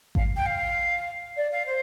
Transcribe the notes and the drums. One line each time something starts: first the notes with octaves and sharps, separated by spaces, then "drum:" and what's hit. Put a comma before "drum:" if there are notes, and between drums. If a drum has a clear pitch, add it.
F5, drum: kick G#1
G5
F5
D5
F5
C5